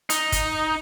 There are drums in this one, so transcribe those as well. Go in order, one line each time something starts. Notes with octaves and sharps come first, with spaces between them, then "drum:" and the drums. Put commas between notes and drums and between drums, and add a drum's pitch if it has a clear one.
D#4, drum: hi-hat
drum: kick, hi-hat